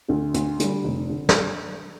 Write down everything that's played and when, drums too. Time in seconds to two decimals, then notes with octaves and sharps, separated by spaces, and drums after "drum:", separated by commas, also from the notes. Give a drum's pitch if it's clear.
0.08 D2 D3
0.34 D2, drum: hi-hat
0.60 D3 G3, drum: hi-hat
0.84 F1
1.09 D3
1.29 drum: snare